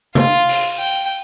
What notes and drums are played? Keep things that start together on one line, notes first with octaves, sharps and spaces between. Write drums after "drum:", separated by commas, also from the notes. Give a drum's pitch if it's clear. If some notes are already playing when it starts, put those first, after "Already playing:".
F4, drum: tom C3
drum: open hi-hat
G5